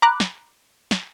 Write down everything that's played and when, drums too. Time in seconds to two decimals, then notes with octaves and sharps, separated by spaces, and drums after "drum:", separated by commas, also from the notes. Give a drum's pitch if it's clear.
0.02 A#5 B5 D6 F#6
0.20 drum: snare
0.91 drum: snare